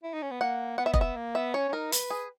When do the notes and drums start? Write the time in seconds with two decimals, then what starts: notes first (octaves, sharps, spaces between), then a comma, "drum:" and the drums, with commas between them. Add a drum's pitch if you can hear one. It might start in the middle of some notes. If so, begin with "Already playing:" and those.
0.03 E4
0.13 D#4
0.22 C#4
0.31 B3
0.41 A#3 F#5
0.78 B3 F#5
0.86 E5
0.94 D#5, drum: kick F1
1.01 E5
1.16 A#3
1.35 B3 E5
1.54 C#4 C#5
1.69 C#4
1.72 D#4 A#4
1.92 B4, drum: hi-hat
2.10 G#4